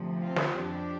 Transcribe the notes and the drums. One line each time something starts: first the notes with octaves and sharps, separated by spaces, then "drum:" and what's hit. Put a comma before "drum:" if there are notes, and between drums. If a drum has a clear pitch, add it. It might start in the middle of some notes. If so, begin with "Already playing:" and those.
Already playing: D2 C3 F3
C4 F4
drum: snare
F2 F3 D4 G4